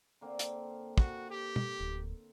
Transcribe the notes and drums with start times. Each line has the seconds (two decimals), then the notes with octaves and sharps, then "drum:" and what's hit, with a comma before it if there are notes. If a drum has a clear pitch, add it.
0.21 D3 A#3 C4
0.39 drum: hi-hat
0.98 F#4, drum: kick
1.30 G4
1.56 drum: tom
1.80 D1